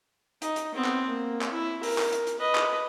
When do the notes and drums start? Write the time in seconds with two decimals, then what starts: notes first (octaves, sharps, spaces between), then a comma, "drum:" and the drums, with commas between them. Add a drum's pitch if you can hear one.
0.42 D#4, drum: hi-hat
0.56 drum: hi-hat
0.75 B3 C4
0.84 drum: clap
1.07 A#3
1.41 drum: clap
1.52 E4
1.83 A#4, drum: open hi-hat
1.98 drum: clap
2.13 drum: hi-hat
2.27 drum: hi-hat
2.39 B4 D#5
2.55 drum: clap